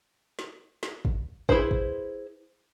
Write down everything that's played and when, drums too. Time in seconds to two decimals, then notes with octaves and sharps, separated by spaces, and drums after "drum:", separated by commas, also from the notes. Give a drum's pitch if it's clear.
0.39 drum: snare
0.83 drum: snare
1.05 drum: kick
1.49 E4 G#4 B4 C5, drum: kick
1.71 drum: kick